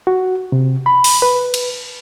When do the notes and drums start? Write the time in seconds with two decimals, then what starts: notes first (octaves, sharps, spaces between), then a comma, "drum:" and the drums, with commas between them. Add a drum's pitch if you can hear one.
0.07 F#4
0.52 C3
0.86 B5
1.04 drum: open hi-hat
1.22 B4
1.54 drum: cymbal